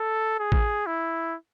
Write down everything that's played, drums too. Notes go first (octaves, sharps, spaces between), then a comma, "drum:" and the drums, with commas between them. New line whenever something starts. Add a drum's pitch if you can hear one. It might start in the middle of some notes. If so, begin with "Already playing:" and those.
Already playing: A4
G#4
drum: kick A1
E4